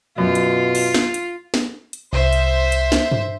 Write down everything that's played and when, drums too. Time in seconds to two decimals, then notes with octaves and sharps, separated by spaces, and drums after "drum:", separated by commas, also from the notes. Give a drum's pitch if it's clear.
0.18 F#2 B2 F4
0.35 drum: hi-hat
0.75 drum: open hi-hat
0.94 drum: snare
1.14 drum: hi-hat
1.54 drum: snare
1.93 drum: hi-hat
2.13 C2 C5 E5
2.33 drum: hi-hat
2.72 drum: hi-hat
2.92 drum: snare
3.12 drum: tom G2